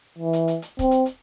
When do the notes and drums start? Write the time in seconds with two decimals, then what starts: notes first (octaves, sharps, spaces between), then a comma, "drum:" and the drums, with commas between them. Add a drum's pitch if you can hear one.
0.19 E3
0.33 drum: hi-hat
0.48 drum: hi-hat
0.62 drum: hi-hat
0.79 C4, drum: kick, hi-hat
0.91 drum: hi-hat
1.06 drum: hi-hat